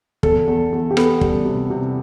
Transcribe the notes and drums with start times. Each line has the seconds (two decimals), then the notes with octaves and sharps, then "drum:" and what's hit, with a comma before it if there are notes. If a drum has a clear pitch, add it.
0.23 E2 A4, drum: kick
0.47 E2
0.72 E2
0.91 G4
0.97 B3 A4, drum: rim click
1.21 G3, drum: kick
1.45 C3
1.70 C3